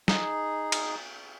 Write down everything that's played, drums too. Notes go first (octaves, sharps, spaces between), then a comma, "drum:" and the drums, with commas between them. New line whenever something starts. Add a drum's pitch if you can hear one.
D#4 G#4, drum: snare
drum: cymbal